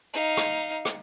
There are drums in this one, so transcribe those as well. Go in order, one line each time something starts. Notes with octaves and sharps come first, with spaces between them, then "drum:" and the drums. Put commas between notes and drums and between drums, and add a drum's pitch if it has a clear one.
D#4 F5
drum: rim click
drum: rim click